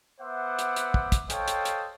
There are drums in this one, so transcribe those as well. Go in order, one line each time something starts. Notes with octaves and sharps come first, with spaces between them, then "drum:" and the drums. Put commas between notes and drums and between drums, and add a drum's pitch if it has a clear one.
B3 C5 E5 F#5 D6
drum: hi-hat
drum: hi-hat
drum: kick
drum: kick, hi-hat
A4 C5 C#5 D#5 F5 G5, drum: hi-hat
drum: hi-hat
drum: hi-hat